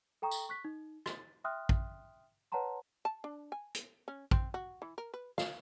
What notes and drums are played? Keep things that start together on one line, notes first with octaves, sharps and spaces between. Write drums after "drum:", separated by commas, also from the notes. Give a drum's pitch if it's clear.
A4 G5 A#5 C#6 D#6
drum: tambourine
C#6 F#6 B6
D#4
A6, drum: rim click
E5 G5 C6 D#6 F6 F#6
drum: kick
B4 C#5 F#5 A5 A#5 C6
A5
D4
G#5
drum: hi-hat
C#4
C4, drum: kick
F#4
E3
A#4
B4
F5, drum: snare